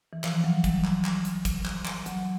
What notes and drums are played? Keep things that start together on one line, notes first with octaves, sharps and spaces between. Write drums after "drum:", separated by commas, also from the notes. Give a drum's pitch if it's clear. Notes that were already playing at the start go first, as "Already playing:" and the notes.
E3
F3, drum: clap
F#3
G3, drum: kick, hi-hat
drum: clap
drum: clap
drum: hi-hat
drum: kick, hi-hat
drum: clap
drum: clap
F#3, drum: hi-hat